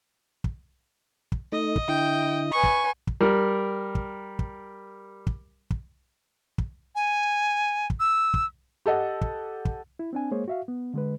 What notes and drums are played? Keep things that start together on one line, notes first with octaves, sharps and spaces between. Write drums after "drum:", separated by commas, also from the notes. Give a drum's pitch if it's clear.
drum: kick
drum: kick
A3 D#4 D#5
drum: kick
D3 E4 G5
B4 G#5 C#6
drum: kick
drum: kick
G3 A#4
drum: kick
drum: kick
drum: kick
drum: kick
drum: kick
G#5
drum: kick
E6
drum: kick
G4 A4 D#5 F#5
drum: kick
drum: kick
E4
C4 D4 G#5
G#3 A#3 G#4 C5 C#5
F#4 E5 F5
B3
D3 G#3 B4